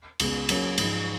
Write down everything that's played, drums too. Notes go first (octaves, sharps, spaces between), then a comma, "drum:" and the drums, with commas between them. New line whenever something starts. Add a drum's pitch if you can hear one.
C#2 C#3 G#3 B3, drum: cymbal
F#3 A#3 C#4 G#4 C#5, drum: cymbal
G#2 F3 G#3 D#4, drum: cymbal